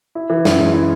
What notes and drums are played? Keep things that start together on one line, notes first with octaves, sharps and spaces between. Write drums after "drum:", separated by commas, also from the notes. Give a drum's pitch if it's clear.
E4
E3
F#2, drum: snare
G#3
E4